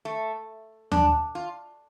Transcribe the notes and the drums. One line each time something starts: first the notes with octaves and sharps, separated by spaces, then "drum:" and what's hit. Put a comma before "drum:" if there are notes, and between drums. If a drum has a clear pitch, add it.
A3
D4, drum: tom D#2
F4